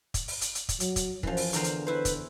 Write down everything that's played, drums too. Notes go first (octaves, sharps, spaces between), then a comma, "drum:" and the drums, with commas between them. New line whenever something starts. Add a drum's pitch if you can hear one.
drum: kick, hi-hat
drum: open hi-hat
drum: hi-hat
drum: hi-hat
drum: kick, hi-hat
F#3, drum: hi-hat
drum: kick, hi-hat
F#2 E3 F3, drum: kick
drum: open hi-hat
E2 D3 A#4 C5, drum: hi-hat
drum: hi-hat
E4 B4 C5
drum: kick, hi-hat